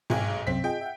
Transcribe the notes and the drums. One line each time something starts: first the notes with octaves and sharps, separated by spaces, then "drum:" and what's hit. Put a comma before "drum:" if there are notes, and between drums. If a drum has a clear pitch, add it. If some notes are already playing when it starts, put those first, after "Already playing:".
B1 G#2 G#4 G5 G#5, drum: tom
C2 F#2 C4 B6
F4 G#4 D#5 G5
E5 F#5